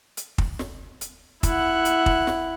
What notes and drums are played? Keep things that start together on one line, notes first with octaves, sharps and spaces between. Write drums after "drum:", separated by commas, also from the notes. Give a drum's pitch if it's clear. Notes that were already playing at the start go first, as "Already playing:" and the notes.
drum: hi-hat
drum: kick
drum: snare
drum: hi-hat
E4 F#5, drum: kick, hi-hat
drum: hi-hat
drum: kick
drum: snare